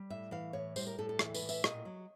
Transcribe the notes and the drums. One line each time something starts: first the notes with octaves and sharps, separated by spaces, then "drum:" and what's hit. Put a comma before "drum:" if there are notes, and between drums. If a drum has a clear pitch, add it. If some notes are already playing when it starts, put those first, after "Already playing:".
Already playing: G3
A2 E5
E3 F5
A2 C#5
G3 C5, drum: tambourine
A#4
A2 A4
A4
E3, drum: rim click
B4, drum: tambourine
A2
E5, drum: tambourine
A#2 D#5, drum: rim click
F#3